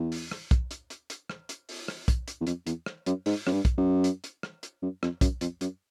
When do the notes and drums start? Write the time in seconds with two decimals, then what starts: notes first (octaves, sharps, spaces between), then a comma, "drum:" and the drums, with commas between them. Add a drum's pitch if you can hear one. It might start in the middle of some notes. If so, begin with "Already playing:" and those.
Already playing: E2
0.12 drum: open hi-hat
0.31 drum: rim click
0.51 drum: kick, hi-hat
0.71 drum: hi-hat
0.90 drum: hi-hat
1.10 drum: hi-hat
1.30 drum: rim click
1.49 drum: hi-hat
1.69 drum: open hi-hat
1.88 drum: rim click
2.08 drum: kick, hi-hat
2.28 drum: hi-hat
2.41 E2
2.47 F2, drum: hi-hat
2.67 E2, drum: hi-hat
2.86 drum: rim click
3.06 F#2, drum: hi-hat
3.26 G#2, drum: open hi-hat
3.47 F#2, drum: rim click
3.52 G2
3.65 drum: kick, hi-hat
3.78 F#2
4.04 drum: hi-hat
4.24 drum: hi-hat
4.43 drum: rim click
4.63 drum: hi-hat
4.82 F#2
5.03 F2, drum: rim click
5.21 F#2, drum: kick, hi-hat
5.41 F2, drum: hi-hat
5.61 F#2, drum: hi-hat